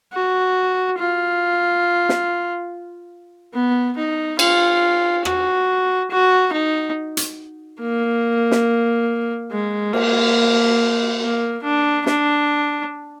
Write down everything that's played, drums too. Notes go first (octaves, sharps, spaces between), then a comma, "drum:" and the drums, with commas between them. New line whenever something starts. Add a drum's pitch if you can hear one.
F#4
F4
drum: snare
B3
D#4
F4, drum: cymbal
F#4, drum: rim click
F#4
D#4
drum: hi-hat
A#3
drum: snare
G#3
A#3, drum: cymbal
A#3
D4
D4, drum: snare